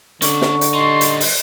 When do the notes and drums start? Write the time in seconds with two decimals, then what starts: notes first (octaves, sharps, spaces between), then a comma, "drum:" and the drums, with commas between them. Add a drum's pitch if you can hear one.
0.22 D3 C#4 D5 C#6, drum: hi-hat
0.42 drum: snare
0.61 drum: hi-hat
0.74 G3 D#4 C6
1.01 drum: hi-hat
1.21 drum: open hi-hat